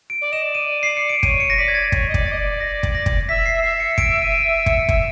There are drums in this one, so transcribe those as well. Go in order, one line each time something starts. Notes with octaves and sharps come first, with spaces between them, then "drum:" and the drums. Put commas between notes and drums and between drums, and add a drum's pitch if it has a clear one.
D7
D5
D#5 E7
D5
D#7
C7
C#7
D7
C#5 D#7, drum: kick
C#7
A#6
D5 B6
G#6
A6
C#5, drum: kick
D#5
D5, drum: kick
A6
D#5
D5
A#6
drum: kick
A#6
drum: kick
E5 B6
C7
E5 C7
C#7
D7, drum: kick
D#7
D7
C#7, drum: kick
drum: kick